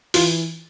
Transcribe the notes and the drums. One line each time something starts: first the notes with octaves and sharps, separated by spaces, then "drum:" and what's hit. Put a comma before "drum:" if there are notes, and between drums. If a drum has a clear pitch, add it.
E3 F4, drum: open hi-hat